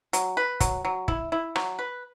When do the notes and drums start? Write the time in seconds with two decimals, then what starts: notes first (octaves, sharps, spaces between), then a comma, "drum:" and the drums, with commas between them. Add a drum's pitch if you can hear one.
0.13 F#3, drum: hi-hat
0.37 B4
0.60 F#3, drum: kick, hi-hat
0.85 F#3
1.08 E4, drum: kick
1.32 E4
1.56 F#3, drum: rim click
1.79 B4